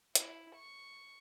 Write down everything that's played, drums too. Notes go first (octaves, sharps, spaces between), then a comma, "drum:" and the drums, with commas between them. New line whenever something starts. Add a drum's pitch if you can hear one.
E4, drum: hi-hat
C#6